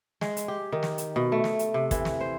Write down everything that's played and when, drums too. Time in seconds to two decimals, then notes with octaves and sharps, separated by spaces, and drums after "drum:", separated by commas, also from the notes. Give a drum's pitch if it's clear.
0.21 G#3, drum: snare
0.37 drum: hi-hat
0.48 G4
0.72 D#3
0.83 drum: snare
0.98 drum: hi-hat
1.16 B2
1.32 A3
1.44 drum: snare
1.59 drum: hi-hat
1.74 C3
1.91 E3, drum: kick, hi-hat
2.05 drum: snare
2.21 C5